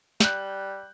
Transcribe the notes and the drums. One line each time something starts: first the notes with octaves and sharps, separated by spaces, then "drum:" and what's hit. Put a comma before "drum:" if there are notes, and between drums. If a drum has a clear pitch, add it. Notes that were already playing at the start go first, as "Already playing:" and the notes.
G3 F#6 G6, drum: snare